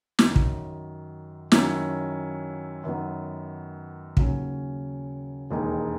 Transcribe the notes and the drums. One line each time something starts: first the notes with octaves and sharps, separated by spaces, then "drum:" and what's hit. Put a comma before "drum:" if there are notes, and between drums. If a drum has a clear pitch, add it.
F#2 D#3 F#3, drum: snare
drum: kick
F#2 D#3 F#3 C#4 E4, drum: snare
F#2 D#3 F#3 B3
D#2 C#3 F#3 C#4, drum: kick
E1 D#2 D#3 G#3 D#4